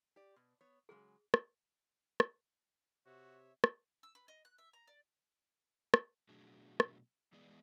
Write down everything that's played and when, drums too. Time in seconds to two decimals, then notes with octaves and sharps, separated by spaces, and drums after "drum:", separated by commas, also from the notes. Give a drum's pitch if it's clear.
0.16 G4 D5
0.36 B2
0.61 B3 C#5
0.89 C#3 F#3 G#3 G#4
1.34 drum: rim click
2.20 drum: rim click
3.06 C3 F#4 C#5 E5
3.64 drum: rim click
4.03 E6
4.15 B4
4.28 D#5
4.45 F#6
4.58 E5
4.73 A#5
4.87 D5
5.94 drum: rim click
6.29 B2 F#3 A3 D4 F#4 G#4
6.80 drum: rim click
7.33 E3 G#3 B3 G#4 D5